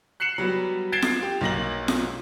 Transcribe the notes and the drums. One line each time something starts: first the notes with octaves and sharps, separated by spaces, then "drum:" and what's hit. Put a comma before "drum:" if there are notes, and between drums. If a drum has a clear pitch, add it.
F#6 C7 C#7 E7 F#7
F#3 G3 B3
G#6 A6 C7 D7 E7 G7
drum: snare F4
G4
B1 A#3 A#6 F#7
drum: snare F4